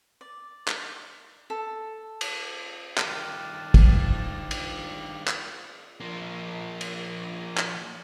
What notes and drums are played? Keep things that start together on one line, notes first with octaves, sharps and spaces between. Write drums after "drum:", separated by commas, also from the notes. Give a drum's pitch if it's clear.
D5
drum: clap
A4
drum: cymbal
G2 D#3 G5 A5 D6 F6 F#6 D#7, drum: clap
drum: kick, cymbal
drum: cymbal
drum: clap
F3 A#3
drum: cymbal
drum: clap